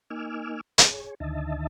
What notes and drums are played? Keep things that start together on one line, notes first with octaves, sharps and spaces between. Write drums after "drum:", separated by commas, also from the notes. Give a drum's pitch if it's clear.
A#3 D#4 G#5 D6 E6 F6
G#4 C#5, drum: hi-hat
D2 D3 D#3 D#5 E5 A5